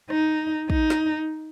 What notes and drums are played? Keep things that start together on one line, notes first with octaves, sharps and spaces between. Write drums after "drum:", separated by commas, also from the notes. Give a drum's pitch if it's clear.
D#4, drum: rim click
D#4, drum: kick
drum: snare